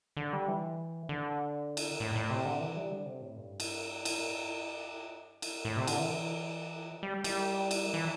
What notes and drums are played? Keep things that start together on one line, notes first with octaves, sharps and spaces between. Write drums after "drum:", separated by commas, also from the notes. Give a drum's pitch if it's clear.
D3
G3
E3
D3
drum: cymbal
A2
A2
C3
D3
E3
G3
D3
C3
A2
G2
drum: cymbal
drum: cymbal
A2
G2
drum: cymbal
A2
C3
D3, drum: cymbal
E3
G3
G3, drum: cymbal
drum: cymbal
E3